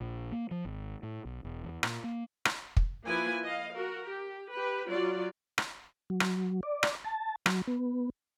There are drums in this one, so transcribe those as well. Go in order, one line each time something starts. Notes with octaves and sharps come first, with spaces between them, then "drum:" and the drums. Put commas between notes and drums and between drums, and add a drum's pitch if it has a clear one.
A#1
A#3
F3
G#1
A2
B1
E1
E2
A#2, drum: rim click
A#3
drum: rim click
drum: kick
F3 A#3 E4 F4 B4 G#5
D#5 F5
F#4 A#4
G4
G4 B4
F#3 F4 D5
drum: rim click
F#3
drum: rim click
D5
drum: rim click
A5
F#3, drum: rim click
B3